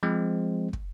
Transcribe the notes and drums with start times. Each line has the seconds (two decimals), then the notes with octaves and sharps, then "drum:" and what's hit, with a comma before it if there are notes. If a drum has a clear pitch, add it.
0.03 F3 G#3 C4
0.73 drum: kick